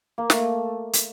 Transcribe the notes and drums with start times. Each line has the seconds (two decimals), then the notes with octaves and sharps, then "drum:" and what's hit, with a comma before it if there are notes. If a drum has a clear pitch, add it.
0.18 A#3
0.30 A3, drum: snare
0.93 drum: hi-hat